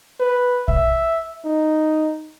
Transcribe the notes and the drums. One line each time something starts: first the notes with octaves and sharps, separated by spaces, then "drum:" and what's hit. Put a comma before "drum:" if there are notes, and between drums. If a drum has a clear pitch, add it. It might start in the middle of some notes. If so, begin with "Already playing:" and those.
B4
E5, drum: kick
D#4